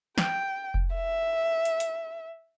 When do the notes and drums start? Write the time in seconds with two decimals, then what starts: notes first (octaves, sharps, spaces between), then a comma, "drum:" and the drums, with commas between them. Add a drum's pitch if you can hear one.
0.18 G5, drum: snare
0.74 drum: kick F1
0.95 E5
1.65 drum: hi-hat
1.80 drum: hi-hat